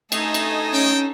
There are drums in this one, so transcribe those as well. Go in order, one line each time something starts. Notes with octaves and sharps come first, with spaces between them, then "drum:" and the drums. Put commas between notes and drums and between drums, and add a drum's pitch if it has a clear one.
A3 D#4 A4 D#5 G#5, drum: cymbal
drum: cymbal
C4 C#4 G5